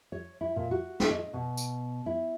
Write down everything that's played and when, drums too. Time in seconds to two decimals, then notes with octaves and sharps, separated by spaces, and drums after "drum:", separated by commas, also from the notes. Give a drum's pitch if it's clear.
0.12 C#5
0.41 E4
0.56 A#2
0.71 F#4
1.00 drum: snare
1.11 D#5
1.34 B2
1.57 drum: tambourine
2.06 E4